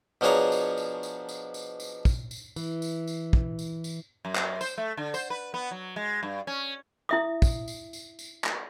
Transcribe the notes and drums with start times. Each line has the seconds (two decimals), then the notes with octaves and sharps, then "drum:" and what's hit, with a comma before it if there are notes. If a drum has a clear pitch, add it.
0.21 B2 F3 D4 G#4 C#5 A#5
0.52 drum: tambourine
0.77 drum: tambourine
1.03 drum: tambourine
1.29 drum: tambourine
1.54 drum: tambourine
1.80 drum: tambourine
2.05 drum: kick, tambourine
2.31 drum: tambourine
2.56 E3, drum: tambourine
2.82 drum: tambourine
3.08 drum: tambourine
3.33 drum: kick
3.59 drum: tambourine
3.84 drum: tambourine
4.25 F#2
4.35 drum: clap
4.61 C5, drum: tambourine
4.78 A3
4.97 D3
5.14 C5, drum: tambourine
5.30 B4
5.54 B3
5.71 F#3
5.96 G#3
6.23 G2
6.47 C#4
7.09 E4 E5 D#6
7.42 drum: kick, tambourine
7.68 drum: tambourine
7.93 drum: tambourine
8.19 drum: tambourine
8.44 drum: clap